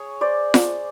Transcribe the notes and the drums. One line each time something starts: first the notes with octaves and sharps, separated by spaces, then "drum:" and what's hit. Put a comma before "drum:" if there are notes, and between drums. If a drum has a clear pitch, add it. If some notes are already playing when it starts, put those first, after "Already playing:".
Already playing: G#4 C#5
C5 D5
drum: snare F4